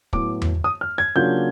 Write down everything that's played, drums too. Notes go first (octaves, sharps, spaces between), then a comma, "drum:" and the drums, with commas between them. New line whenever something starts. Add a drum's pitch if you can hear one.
A2 F#3 B3 D6, drum: kick
drum: tom E2
D#6
F6
G#6
C#3 F#3 A#3 D4 F4 G6